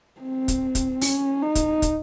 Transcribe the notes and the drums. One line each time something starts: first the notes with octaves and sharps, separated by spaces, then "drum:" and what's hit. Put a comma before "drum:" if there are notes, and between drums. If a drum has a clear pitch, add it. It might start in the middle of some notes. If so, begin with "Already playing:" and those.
C4
drum: kick, hi-hat
drum: kick, hi-hat
C#4, drum: open hi-hat
D#4
drum: kick, hi-hat
drum: kick, hi-hat